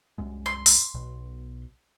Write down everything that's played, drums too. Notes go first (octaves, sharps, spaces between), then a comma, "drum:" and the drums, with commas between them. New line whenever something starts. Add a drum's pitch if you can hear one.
C2 F#2 G#3
C6
drum: open hi-hat
B1 B2